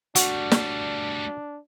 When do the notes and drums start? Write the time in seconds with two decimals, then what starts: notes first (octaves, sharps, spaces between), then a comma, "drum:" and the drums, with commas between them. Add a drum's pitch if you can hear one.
0.15 G3 A3 D4 F#4, drum: hi-hat
0.51 drum: snare